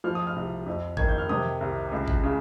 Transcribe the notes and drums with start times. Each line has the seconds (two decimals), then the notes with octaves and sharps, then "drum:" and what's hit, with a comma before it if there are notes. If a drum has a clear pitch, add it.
0.04 F3 F6
0.15 D#6
0.27 F6
0.36 C2
0.66 F2
0.97 D#3 G#6, drum: kick G#1
1.09 G6
1.18 F6
1.29 C3 D#6, drum: tom
1.61 C2
1.92 C#2
2.08 drum: kick G#1
2.23 C#3